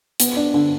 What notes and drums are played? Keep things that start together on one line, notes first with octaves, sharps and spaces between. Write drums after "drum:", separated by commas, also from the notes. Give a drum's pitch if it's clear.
B3, drum: hi-hat
D4
D3